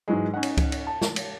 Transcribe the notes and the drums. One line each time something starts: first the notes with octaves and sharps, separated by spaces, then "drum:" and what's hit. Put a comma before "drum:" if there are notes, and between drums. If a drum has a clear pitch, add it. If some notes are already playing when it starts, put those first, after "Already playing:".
G#2 E3 F#3 G#3
C#4 D#4 F#5
drum: cymbal
drum: kick C#2, cymbal
drum: cymbal
A5
drum: snare
drum: cymbal